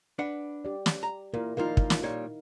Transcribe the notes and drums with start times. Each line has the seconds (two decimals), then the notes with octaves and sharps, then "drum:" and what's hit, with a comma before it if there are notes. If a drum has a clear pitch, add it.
0.19 D4 B4 F#5
0.65 G4 D5
0.86 drum: snare
1.03 A#5
1.34 A#2 E4 A#4
1.57 A#2 F3 D#4 F4 A#4 F5
1.77 drum: kick
1.90 drum: snare
2.03 A#2 G3 C#5